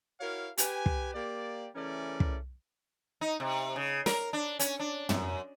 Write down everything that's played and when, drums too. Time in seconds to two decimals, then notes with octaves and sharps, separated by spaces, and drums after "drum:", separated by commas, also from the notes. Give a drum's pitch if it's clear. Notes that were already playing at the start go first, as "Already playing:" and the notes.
0.21 E4 F#4 A#4 C#5 F5
0.58 G4 B4 G#5, drum: hi-hat
0.86 drum: kick
1.14 A#3 G4 D5
1.75 C#3 E3 A3 C#4 A#4 D5
2.20 drum: kick
3.21 D#4
3.40 C3
3.76 C#3
4.06 A#4, drum: snare
4.33 D4
4.60 C#4, drum: hi-hat
4.80 D4
5.09 F#2, drum: tom